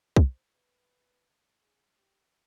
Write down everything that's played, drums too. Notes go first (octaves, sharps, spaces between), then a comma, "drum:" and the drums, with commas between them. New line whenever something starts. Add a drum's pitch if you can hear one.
C5, drum: kick
B4
G#4
G4